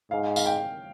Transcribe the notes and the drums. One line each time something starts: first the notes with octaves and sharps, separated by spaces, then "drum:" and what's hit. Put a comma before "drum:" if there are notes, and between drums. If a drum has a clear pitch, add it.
G#2 F5
F5, drum: tambourine
G5